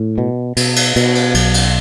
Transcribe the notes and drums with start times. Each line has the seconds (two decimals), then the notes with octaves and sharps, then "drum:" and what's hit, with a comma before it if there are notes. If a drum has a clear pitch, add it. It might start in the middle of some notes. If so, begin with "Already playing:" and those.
Already playing: A2
0.18 B2
0.57 B2, drum: cymbal
0.76 drum: cymbal
0.96 B2, drum: cymbal
1.15 drum: cymbal
1.34 B1, drum: cymbal
1.54 drum: cymbal